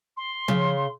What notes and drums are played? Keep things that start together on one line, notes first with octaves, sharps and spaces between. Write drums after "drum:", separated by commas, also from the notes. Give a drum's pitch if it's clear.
C6
C#3, drum: tom F3